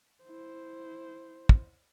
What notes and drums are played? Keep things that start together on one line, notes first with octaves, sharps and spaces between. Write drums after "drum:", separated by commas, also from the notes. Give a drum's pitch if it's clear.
E4 C5
drum: kick